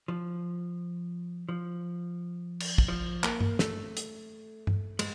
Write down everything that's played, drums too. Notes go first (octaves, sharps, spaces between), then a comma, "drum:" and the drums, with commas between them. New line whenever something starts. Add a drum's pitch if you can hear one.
F3
F3
drum: cymbal
drum: kick
F3
A#3, drum: clap
drum: tom G2
A3, drum: snare
drum: hi-hat
drum: tom G2
G#3, drum: cymbal